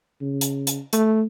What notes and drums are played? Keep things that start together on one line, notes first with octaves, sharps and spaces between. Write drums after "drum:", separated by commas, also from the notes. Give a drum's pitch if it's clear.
C#3
drum: hi-hat
drum: hi-hat
A3, drum: hi-hat